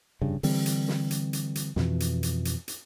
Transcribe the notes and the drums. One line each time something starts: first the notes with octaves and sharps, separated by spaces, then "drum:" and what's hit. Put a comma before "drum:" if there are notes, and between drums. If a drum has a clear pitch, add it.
F1 G2 C#3
D3 E3 G3 C4, drum: open hi-hat
drum: hi-hat
drum: snare
drum: hi-hat
drum: hi-hat
drum: hi-hat
F2 B2 E3, drum: snare
drum: hi-hat
drum: hi-hat
drum: hi-hat
drum: hi-hat